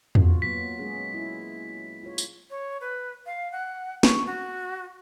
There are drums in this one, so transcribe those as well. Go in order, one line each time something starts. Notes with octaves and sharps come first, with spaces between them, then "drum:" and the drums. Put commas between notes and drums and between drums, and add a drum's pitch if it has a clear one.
F4 F#4, drum: tom E2
A#2 F#3 B3 B6
G#3 C#4 G#4
E4
F4 C#5
drum: tambourine
C#5
B4
F5
F#5
C#6, drum: snare
F#4